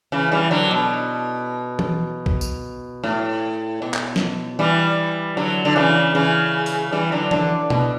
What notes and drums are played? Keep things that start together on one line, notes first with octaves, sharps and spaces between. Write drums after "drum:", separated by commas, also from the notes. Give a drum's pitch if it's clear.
C#3 E3
E3 G3
D3 F#3
B2
drum: tom E3
drum: kick
drum: tambourine
A2
B2
drum: clap
drum: snare
E3 G3
D3 F#3
D3
C#3 E3
C#3 E3
drum: open hi-hat
E3 G3
D3 F#3
D3, drum: tom E3
B2, drum: tom B2